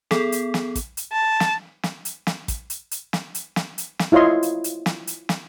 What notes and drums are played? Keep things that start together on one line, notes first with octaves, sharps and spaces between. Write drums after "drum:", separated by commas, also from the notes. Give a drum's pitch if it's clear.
B3 G#4 A4, drum: snare
drum: hi-hat
drum: snare
drum: kick, hi-hat
drum: hi-hat
A5
drum: snare
drum: snare
drum: hi-hat
drum: snare
drum: kick, hi-hat
drum: hi-hat
drum: hi-hat
drum: snare
drum: hi-hat
drum: snare
drum: hi-hat
drum: snare
E4 F4 C#5 D#5 C6
drum: hi-hat
drum: hi-hat
drum: snare
drum: hi-hat
drum: snare